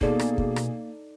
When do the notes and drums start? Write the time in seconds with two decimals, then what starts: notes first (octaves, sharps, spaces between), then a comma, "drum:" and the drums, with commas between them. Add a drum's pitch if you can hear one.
0.01 B2 A#3 D#4 G#4 A4 D5, drum: kick
0.19 drum: rim click
0.38 drum: kick
0.56 drum: rim click